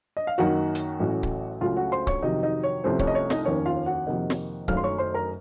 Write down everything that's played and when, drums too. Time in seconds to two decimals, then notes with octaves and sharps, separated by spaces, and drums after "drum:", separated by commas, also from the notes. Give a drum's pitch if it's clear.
0.17 D#5
0.27 F5
0.38 F#2 D#3 A#3 D#4 F#4 F#5
0.75 drum: hi-hat
1.00 A1 A2 F#3 A3 C#4
1.23 drum: kick C#1
1.61 C#2 C#3 F#3 A3 F4 F5
1.76 F#4 F#5
1.92 C5 C6
2.07 C#5 C#6, drum: kick C#1
2.22 F2 C3 D#3 F#3 D#4 D#5
2.43 D#4 D#5
2.63 C#5
2.84 C2 C3 F3 A3 C#4 C5
2.99 C#5, drum: kick C#1
3.07 D#5
3.15 C#5
3.30 D#4 D#5, drum: snare
3.45 F1 D#2 D#3 A#3 C#4 C#5
3.66 F4 F5
3.86 F#4 F#5
4.07 F2 C3 D#3 A#3 D#4
4.30 drum: snare
4.68 F#1 F#2 D#3 F#3 A3 F5 F6, drum: kick C#1
4.77 C6
4.84 C#5 C#6
4.98 C5 C6
5.14 A#4 A#5